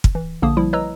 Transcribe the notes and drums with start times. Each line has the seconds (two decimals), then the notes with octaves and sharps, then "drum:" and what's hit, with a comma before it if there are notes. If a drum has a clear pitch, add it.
0.04 drum: kick
0.15 E3
0.42 A#1 D3 A#3 A5 D#6
0.57 F3 G3 E4
0.73 B4 C#5 D#5 A#5 E6